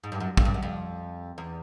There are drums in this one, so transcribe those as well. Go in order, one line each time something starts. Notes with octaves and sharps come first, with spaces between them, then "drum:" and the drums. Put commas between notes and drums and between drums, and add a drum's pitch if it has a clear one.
G#2
G2
F#2
F2, drum: kick
G2
F#2
F2
E2